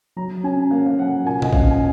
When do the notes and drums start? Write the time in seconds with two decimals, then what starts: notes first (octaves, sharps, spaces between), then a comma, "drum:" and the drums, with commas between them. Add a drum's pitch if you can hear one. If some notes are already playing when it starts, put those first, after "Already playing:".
0.16 F#3 A#5
0.44 C#4 G#5
0.71 A#3 F5
0.86 F5
0.98 F#3 F#5
1.26 A#2 G#5
1.42 D#5, drum: tom B2
1.53 C#4 F5, drum: kick A#1
1.61 F#5
1.71 G#5